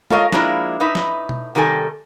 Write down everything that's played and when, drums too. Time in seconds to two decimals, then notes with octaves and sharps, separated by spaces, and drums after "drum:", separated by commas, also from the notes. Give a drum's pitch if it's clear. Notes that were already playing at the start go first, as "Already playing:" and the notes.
0.11 F4 A4 A#4 C#5 D#5 F5, drum: tom G#3
0.32 F3 G#3 A#3 D4 E4, drum: snare
0.80 A2 D#4 B4 E5
0.95 drum: snare
1.29 drum: tom B2
1.55 C3 D#3 G3 A4 G#5